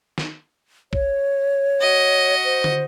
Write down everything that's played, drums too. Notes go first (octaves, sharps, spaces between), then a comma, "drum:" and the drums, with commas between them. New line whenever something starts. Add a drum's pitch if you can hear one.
drum: snare
C#5, drum: kick
F#4 D#5
C5
drum: tom D3